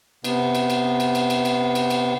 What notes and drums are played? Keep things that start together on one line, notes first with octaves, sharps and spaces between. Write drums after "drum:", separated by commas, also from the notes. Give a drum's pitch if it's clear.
C3 B3, drum: cymbal
drum: cymbal
drum: cymbal
drum: cymbal
drum: cymbal
drum: cymbal
drum: cymbal
drum: cymbal
drum: cymbal